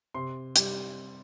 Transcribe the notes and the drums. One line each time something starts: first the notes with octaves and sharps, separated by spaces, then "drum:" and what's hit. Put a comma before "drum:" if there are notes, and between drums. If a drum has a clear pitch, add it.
C3 C6
G3, drum: hi-hat